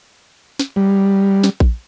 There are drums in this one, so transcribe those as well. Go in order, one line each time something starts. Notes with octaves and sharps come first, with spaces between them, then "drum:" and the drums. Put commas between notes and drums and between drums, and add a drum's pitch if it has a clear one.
drum: snare
G3
drum: snare
drum: kick A#1